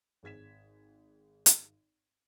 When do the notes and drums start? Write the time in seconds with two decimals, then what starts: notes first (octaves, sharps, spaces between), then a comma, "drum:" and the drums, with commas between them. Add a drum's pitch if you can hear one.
0.23 G#1 G#4 G#6 B6 E7
1.46 drum: hi-hat